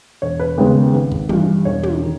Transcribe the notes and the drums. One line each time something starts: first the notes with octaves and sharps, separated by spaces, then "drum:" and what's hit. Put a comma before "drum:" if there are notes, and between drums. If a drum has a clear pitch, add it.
E1 C#5
B4
D#2 C#3 G#3 B3 B4
G#1 B4
drum: kick
G2 E3, drum: tom
E1 C#5
drum: tom
D#3